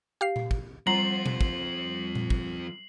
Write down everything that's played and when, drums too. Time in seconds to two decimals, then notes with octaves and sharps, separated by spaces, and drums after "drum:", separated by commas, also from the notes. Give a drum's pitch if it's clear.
0.21 G4 F5 C7
0.36 drum: tom A#2
0.51 drum: kick
0.87 F3 G3 C4 A#5 C7 F#7
1.26 drum: tom B2
1.41 drum: kick
2.15 drum: tom A#2
2.30 drum: kick